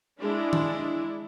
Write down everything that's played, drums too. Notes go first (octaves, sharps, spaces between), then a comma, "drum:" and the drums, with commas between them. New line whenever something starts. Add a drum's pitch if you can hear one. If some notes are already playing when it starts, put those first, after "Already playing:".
G#3 D4 E4
drum: tom D#3